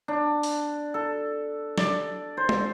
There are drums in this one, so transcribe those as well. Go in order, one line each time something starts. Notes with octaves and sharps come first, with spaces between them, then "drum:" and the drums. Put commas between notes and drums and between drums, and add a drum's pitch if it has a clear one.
D4
drum: open hi-hat
A4
D5, drum: snare
C5
drum: tom